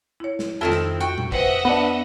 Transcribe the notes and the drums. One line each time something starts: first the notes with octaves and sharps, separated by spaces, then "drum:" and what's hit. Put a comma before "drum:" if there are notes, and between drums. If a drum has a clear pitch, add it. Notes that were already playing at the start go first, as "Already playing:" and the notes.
E4 C#5
drum: snare
F2 D#3 C4 E4 F4 A4
drum: snare
F#4 G5
drum: tom A#2
B4 C5 D#5 E5 F#5, drum: kick
B3 D4